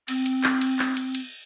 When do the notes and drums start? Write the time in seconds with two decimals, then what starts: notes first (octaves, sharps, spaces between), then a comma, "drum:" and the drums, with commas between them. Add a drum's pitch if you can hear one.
0.08 C4, drum: cymbal
0.26 drum: cymbal
0.44 drum: clap
0.61 drum: cymbal
0.79 drum: clap
0.97 drum: cymbal
1.15 drum: cymbal